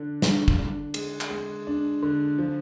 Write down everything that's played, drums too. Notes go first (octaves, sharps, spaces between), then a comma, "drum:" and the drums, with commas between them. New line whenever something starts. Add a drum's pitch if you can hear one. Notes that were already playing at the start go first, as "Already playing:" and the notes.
Already playing: D3 D4
D4, drum: snare
drum: kick
D4
G#3, drum: cymbal
drum: clap
G#3
D4
D3
F3